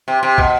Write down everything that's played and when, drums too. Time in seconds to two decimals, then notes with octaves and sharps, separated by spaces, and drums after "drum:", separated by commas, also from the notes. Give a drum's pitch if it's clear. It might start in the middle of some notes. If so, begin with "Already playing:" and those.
0.08 C3
0.23 C3
0.38 B2, drum: kick